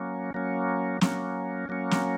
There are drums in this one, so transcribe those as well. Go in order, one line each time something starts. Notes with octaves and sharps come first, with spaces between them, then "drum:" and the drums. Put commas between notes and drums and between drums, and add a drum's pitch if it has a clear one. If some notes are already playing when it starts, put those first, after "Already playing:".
Already playing: F#3 A#3 C#4
F#3 A#3 C#4
F#3 A#3 C#4, drum: snare
F#3 A#3 C#4
drum: snare